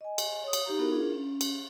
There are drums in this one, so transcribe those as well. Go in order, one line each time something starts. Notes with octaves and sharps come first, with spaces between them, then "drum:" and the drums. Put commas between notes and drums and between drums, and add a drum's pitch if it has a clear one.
D#5 G#5
drum: cymbal
C#5 D#6
drum: cymbal
D#4 G4 A#5
B3 D#4 E4 F#4 A4 A#4
D4 E4 F4 G#4 A#4
C#4
drum: cymbal